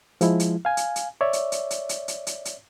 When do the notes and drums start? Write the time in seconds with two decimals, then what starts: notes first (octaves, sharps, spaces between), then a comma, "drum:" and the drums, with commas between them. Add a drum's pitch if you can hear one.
0.21 F3 G#3 E4, drum: hi-hat
0.40 drum: hi-hat
0.65 F5 G#5
0.77 drum: hi-hat
0.96 drum: hi-hat
1.21 C#5 D5 E5
1.33 drum: hi-hat
1.52 drum: hi-hat
1.71 drum: hi-hat
1.89 drum: hi-hat
2.08 drum: hi-hat
2.27 drum: hi-hat
2.45 drum: hi-hat